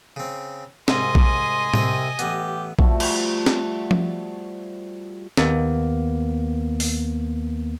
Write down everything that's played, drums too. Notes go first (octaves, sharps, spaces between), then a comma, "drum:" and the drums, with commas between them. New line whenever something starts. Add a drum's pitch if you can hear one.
C#3 C4
C2 G#2 D#5 G#5 C6, drum: snare C4
drum: kick A#1
C2 C3 G5, drum: tom A2
A1 B3 G4, drum: hi-hat
F3 G3 A3 F#4, drum: kick A#1
drum: cymbal
drum: snare C4
drum: tom F3
D#2 A#3 B3, drum: snare C4
drum: open hi-hat